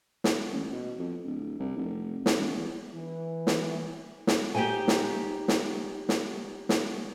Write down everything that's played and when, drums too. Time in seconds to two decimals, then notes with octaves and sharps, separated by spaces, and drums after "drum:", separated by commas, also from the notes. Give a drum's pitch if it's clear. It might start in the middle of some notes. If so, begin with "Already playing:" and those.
0.24 drum: snare
0.53 A1
0.73 B2
0.99 F2
1.25 D1
1.59 C2
1.77 F1
2.26 drum: snare
2.37 E1
2.57 E2
2.95 E3
3.47 drum: snare
4.27 drum: snare
4.55 D#4 G4 G#4 C5 G5 G#5
4.88 drum: snare
5.48 drum: snare
6.09 drum: snare
6.69 drum: snare